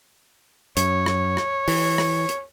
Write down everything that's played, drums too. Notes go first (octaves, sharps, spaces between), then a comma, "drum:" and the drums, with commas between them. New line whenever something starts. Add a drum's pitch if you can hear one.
F#2 C#5, drum: hi-hat
drum: rim click
drum: rim click
E3, drum: open hi-hat
drum: rim click
drum: hi-hat